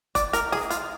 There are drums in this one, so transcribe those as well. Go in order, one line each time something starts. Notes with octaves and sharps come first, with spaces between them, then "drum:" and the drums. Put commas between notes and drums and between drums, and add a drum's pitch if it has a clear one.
D5, drum: kick F1, hi-hat
A#4, drum: hi-hat
G#4, drum: snare
F4, drum: hi-hat